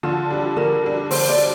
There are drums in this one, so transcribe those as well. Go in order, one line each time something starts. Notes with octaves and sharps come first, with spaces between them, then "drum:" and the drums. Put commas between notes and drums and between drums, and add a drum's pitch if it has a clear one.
D3 F4
G3 D4
D3 A#4
G3 D4
D3 C5, drum: open hi-hat
D5
G3